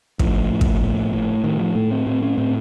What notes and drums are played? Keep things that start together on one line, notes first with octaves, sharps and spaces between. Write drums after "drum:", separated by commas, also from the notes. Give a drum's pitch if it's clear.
A2 F3, drum: kick
A2
drum: kick
A2
A2
A2 D#3
F3
A2 A3
C4
A2 C4
C#4
A2 C4